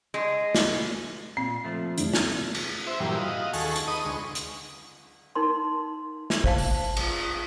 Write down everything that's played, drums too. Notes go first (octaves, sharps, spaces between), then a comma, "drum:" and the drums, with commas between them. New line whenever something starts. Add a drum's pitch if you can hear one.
G#3
drum: snare
A#2 C4
F3 A3
F1, drum: hi-hat
drum: snare
drum: cymbal
C5 E5
G2 A#2 E3 F#3 G3
F#4 D#5 F5
D#2 G#4 A4 C#6, drum: open hi-hat
drum: hi-hat
D#4 B4 D#5 D#6
D2 G#3 C#6
drum: hi-hat
D#4 A#4 C6
drum: snare
C5 F5 A5, drum: kick
drum: open hi-hat
drum: cymbal